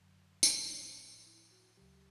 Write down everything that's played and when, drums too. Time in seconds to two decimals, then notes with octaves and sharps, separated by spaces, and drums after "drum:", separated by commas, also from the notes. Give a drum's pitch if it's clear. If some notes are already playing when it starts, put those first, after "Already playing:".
Already playing: F#2 D3 F#3
0.43 drum: tambourine
0.75 A2 F3
1.26 E4
1.52 F#4
1.77 D2 C#3 F#3 G4